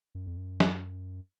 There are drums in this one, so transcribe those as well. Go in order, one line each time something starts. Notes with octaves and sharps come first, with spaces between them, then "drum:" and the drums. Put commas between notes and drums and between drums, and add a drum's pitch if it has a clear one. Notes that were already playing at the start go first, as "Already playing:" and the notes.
F#2
F2
F#2
drum: snare